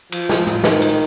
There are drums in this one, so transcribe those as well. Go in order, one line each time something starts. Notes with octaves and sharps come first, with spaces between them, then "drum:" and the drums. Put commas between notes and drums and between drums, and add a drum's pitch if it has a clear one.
F3, drum: cymbal
drum: snare
drum: tom
D#3, drum: snare
drum: cymbal